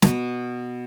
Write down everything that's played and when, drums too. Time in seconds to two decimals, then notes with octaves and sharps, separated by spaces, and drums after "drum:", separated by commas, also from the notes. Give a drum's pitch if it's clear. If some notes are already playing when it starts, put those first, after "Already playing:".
0.02 B2, drum: snare